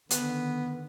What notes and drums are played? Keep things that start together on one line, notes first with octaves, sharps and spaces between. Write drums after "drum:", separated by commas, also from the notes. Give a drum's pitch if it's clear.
D3 D#3 B3, drum: hi-hat